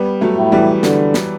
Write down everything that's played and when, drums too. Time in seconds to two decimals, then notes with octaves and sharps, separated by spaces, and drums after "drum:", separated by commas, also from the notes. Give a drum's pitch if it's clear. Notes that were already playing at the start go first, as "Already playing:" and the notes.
Already playing: G3 B3
0.21 F#3 A3
0.37 A2
0.52 E3 G3
0.83 D3, drum: snare
1.14 drum: snare